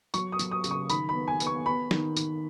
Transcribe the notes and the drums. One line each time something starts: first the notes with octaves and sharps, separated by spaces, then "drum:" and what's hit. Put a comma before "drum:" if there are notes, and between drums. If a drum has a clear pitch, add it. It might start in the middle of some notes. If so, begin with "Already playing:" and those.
F#3 C#6, drum: tambourine
D#6
F#3, drum: tambourine
D#6
C#3, drum: tambourine
C#6
D#3 B5, drum: tambourine
B5
B3
G#5
B3, drum: tambourine
C#6
B3 B5
D#3, drum: snare
D#3, drum: tambourine